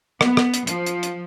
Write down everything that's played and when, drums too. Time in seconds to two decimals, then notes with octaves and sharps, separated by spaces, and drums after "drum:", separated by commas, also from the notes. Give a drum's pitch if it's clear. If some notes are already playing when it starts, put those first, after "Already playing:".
0.21 B3, drum: rim click
0.37 drum: rim click
0.54 drum: hi-hat
0.67 F3, drum: hi-hat
0.86 drum: hi-hat
1.03 drum: hi-hat